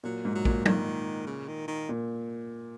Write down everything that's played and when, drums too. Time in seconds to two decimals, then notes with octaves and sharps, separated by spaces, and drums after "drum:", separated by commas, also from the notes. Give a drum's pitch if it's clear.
0.04 A#2 F#3
0.25 G#2
0.35 F#3
0.45 A#2, drum: kick
0.66 D#3, drum: tom
1.27 C#3
1.48 D#3
1.68 D#3
1.89 A#2